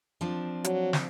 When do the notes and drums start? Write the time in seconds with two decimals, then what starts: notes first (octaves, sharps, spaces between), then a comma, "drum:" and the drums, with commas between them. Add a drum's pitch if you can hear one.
0.21 F3 C4 D4
0.64 F#3, drum: hi-hat
0.93 drum: snare